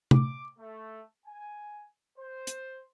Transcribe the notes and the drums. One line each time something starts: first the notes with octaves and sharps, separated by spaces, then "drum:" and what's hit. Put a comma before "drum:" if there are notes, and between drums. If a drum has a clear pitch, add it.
D6, drum: tom C3
A3
G#5
C5
drum: hi-hat